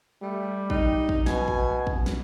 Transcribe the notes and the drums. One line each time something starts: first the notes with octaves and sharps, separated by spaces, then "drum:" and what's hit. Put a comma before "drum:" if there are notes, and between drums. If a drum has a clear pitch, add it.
G3 A3
D#4, drum: kick
drum: kick
B2 G#5, drum: snare
drum: kick
drum: kick
drum: snare